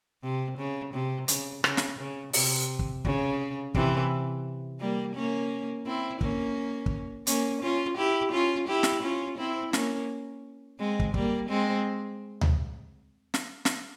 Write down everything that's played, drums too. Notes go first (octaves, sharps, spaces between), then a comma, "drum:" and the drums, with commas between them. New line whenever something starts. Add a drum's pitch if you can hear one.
C3
C#3
C3
C#3, drum: hi-hat
C#3, drum: rim click
drum: snare
C#3
C3, drum: open hi-hat
drum: kick
C#3, drum: kick
C3 E3, drum: kick
G3 A#3
A#3 C#4
C4 E4
A#3 C#4, drum: kick
drum: kick
A#3 C#4, drum: hi-hat
C#4 F4
E4 G4
C#4 F4
E4 G4
drum: snare
C#4 F4
C4 E4
A#3 C#4, drum: snare
G#3 C4
drum: kick
G3 A#3, drum: kick
G#3 C4
drum: tom D2
drum: snare
drum: snare